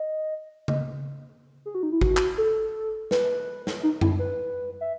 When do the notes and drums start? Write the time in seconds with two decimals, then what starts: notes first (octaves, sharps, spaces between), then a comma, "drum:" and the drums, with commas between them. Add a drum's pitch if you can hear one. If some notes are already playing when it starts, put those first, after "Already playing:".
Already playing: D#5
0.68 D#5, drum: tom C#3
1.66 G#4
1.75 F#4
1.83 D#4
1.92 E4
2.01 F#4, drum: kick G#1
2.17 drum: clap
2.38 A4
3.11 B4, drum: snare
3.67 drum: snare
3.83 D#4
4.01 E4, drum: tom F#2
4.19 B4
4.81 E5